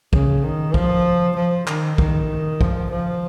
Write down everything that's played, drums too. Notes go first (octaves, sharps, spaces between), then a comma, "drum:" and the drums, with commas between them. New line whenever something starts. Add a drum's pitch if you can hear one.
C#3, drum: kick
D#3
F3, drum: kick
F3
D#3, drum: clap
D#3, drum: kick
F3, drum: kick
F3